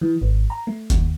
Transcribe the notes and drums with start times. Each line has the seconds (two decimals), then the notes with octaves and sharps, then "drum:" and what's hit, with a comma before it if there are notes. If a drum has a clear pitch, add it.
0.01 E3
0.21 G#1
0.50 A#5
0.67 A3
0.90 D#2, drum: kick, hi-hat